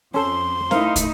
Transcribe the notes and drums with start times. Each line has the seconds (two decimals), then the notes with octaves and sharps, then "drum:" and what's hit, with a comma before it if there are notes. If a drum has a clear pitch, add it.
0.14 F2 C#4 A4 C6
0.71 A3 D#4 E4 A#4 C5 F5, drum: snare C#4
0.96 drum: kick, hi-hat